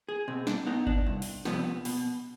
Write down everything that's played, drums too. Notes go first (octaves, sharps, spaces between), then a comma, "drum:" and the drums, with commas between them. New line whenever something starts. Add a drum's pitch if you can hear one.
G#4
B2 C4
D4, drum: snare
B3 D#4
D4, drum: kick G1
C2
drum: open hi-hat
C3 F3 B3, drum: snare
B2, drum: open hi-hat